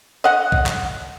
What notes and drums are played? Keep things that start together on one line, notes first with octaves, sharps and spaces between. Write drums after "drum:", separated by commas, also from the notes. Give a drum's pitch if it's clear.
D#5 F#5
drum: kick
drum: clap